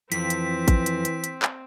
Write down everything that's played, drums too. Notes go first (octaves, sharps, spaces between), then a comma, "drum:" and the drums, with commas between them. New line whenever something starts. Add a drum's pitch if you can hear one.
F2 E3 C4 B6, drum: hi-hat
drum: hi-hat
drum: kick A1, hi-hat
drum: hi-hat
drum: hi-hat
drum: hi-hat
drum: clap